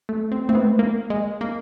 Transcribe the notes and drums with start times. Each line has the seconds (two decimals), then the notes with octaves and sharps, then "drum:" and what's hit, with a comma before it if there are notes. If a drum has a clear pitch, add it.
0.09 A3
0.32 C4
0.49 C4, drum: tom G#3
0.55 B3
0.79 A#3
1.10 G#3
1.41 A#3